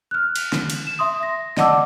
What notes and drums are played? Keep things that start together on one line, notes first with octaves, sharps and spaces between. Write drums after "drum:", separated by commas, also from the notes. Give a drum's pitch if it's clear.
F6 F#6
drum: cymbal
drum: snare
drum: cymbal
E7
E5 C6 D#6
A#6
D5 D#5 F#5 A5 D6 E6, drum: snare